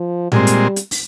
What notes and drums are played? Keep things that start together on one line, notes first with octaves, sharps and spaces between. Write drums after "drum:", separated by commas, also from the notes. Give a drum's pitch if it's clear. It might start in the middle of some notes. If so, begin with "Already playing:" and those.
Already playing: F3
A#2 G3 G#3 C4, drum: tom G#2
drum: hi-hat
drum: hi-hat
drum: open hi-hat